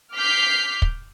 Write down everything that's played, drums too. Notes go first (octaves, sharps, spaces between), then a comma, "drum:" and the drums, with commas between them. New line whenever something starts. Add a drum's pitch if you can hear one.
D6 F6 G6 B6 C7
drum: kick